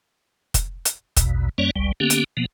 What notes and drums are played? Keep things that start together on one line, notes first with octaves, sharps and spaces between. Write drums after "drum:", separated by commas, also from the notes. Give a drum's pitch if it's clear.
drum: kick F1, hi-hat
drum: hi-hat
A#1 E2 B2, drum: kick F1, hi-hat
F#2 G3 A#3 C#4 C#5 D5
G1 C#2 G3
D3 A#3 B3 C#4 G4
drum: hi-hat
B2 F3 A#3 B3